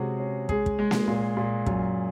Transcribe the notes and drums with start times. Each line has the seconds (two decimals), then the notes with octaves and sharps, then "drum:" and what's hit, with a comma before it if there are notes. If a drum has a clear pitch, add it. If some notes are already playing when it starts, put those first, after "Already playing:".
Already playing: C3 G#3 C#4 F#4 G#4
0.20 C#4
0.49 G#3 G#4, drum: kick
0.66 drum: kick
0.79 G#3
0.91 drum: snare A#3
1.08 A#2
1.37 A#2
1.66 F#2, drum: kick